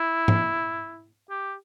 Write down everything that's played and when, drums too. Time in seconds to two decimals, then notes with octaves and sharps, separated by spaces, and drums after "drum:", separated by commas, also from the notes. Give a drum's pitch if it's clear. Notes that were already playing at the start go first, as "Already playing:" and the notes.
Already playing: E4
0.28 drum: tom G#2
1.30 G4